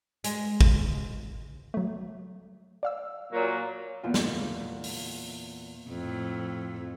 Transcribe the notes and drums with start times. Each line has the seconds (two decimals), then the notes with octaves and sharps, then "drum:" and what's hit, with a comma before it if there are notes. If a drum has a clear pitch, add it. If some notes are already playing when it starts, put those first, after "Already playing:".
0.24 G#3, drum: hi-hat
0.61 drum: kick
1.74 F#3 A3
2.83 D5 F5 E6
3.32 A#2 F#3 A#3
4.03 E2 A#2 F4
4.14 drum: snare
4.84 drum: open hi-hat
5.89 F2 A2